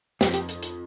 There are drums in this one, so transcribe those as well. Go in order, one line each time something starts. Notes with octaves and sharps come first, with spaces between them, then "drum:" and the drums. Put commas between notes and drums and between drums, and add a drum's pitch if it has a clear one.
F2 G3 G4, drum: snare
G4, drum: hi-hat
drum: hi-hat
drum: hi-hat